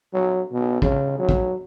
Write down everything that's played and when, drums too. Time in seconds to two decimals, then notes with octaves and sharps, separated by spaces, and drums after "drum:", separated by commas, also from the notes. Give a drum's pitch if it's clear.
0.14 F#3
0.52 B2
0.82 C#3, drum: kick
1.19 F#3
1.29 drum: kick